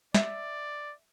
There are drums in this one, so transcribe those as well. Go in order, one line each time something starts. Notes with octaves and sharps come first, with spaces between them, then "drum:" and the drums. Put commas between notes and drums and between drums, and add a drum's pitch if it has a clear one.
D5 E5, drum: snare